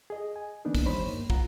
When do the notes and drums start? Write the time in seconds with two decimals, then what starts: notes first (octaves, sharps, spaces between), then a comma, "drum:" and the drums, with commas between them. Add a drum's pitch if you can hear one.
0.10 G#4 D#5
0.36 G#5
0.65 D3 E3 A#3 B3 D4 D#4
0.75 drum: kick, open hi-hat
0.85 D#2 G3 D#4 C5 C#5 B5
1.06 G2 A#3
1.30 F4 F#5 A#5, drum: kick